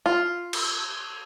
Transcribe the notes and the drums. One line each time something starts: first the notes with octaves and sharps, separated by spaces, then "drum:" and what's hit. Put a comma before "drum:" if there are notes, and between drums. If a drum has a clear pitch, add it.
F4
drum: cymbal